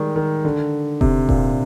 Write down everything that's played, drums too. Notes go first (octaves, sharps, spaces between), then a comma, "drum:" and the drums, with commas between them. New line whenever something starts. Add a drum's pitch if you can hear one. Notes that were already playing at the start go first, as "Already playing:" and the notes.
Already playing: D#3 G3 G#3
D#3
D3
C3, drum: kick E1
A#2, drum: kick E1